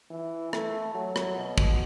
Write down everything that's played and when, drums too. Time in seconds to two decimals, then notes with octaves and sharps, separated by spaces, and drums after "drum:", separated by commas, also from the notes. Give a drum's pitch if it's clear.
0.11 E3
0.53 A3, drum: rim click
0.95 F#3
1.16 drum: rim click
1.36 B2
1.58 drum: kick